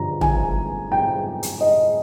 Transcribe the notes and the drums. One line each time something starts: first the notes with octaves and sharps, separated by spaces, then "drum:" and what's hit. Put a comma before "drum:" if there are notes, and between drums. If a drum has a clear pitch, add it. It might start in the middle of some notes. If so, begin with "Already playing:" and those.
Already playing: G2 D3 F3 A#5
G#5, drum: tom
G5
drum: hi-hat
D#5